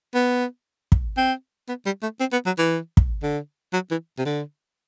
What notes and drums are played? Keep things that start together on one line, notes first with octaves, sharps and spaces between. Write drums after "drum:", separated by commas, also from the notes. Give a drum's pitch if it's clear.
B3
drum: kick
C4
B3
G3
A3
C4
B3
F#3
E3
drum: kick
D3
F#3
E3
C3
D3